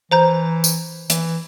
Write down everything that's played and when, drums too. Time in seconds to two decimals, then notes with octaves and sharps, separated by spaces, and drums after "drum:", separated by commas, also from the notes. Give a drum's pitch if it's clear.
0.11 E3 C5 A#5 G6
0.64 drum: tambourine
1.10 E3, drum: hi-hat